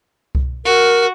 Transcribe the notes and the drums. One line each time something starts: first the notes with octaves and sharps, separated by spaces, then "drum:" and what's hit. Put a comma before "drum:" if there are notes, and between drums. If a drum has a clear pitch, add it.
drum: kick C2
F#4 A#4